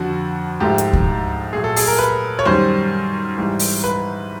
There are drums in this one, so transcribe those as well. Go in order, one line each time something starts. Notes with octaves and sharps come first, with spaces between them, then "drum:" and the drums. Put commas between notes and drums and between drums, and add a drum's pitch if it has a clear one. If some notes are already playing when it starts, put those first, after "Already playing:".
Already playing: F2 D3 F3 F#4
G#2 F3 A3 G4
drum: hi-hat
drum: kick D2
A#2 F#3 A3 G#4
A4
G#4, drum: open hi-hat
A#4
B4
C#5
F#2 D#3 G3 C5
G#2 E3 G3
drum: open hi-hat
B4